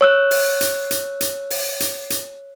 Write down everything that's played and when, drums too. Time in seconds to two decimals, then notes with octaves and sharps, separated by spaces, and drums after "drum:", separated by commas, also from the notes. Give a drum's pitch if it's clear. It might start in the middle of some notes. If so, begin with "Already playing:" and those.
0.01 C#5 E6 F#6
0.31 drum: open hi-hat
0.61 drum: hi-hat
0.91 drum: hi-hat
1.21 drum: hi-hat
1.50 drum: open hi-hat
1.80 drum: hi-hat
2.10 drum: hi-hat